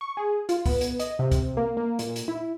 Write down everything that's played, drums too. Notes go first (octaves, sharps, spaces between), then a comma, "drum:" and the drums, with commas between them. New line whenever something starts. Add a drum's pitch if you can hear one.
C#6
G#4
F4, drum: hi-hat
B3, drum: kick C2, open hi-hat
drum: hi-hat
D#5, drum: hi-hat
C3
drum: kick C2, hi-hat
A#3
A#3
A#2, drum: hi-hat
drum: hi-hat
E4